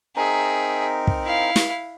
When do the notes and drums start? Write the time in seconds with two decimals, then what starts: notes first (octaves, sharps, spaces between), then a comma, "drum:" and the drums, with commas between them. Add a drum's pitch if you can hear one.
0.16 C4 D#4 G#4 A#4 E5
1.07 drum: kick
1.23 E4 F5
1.56 drum: snare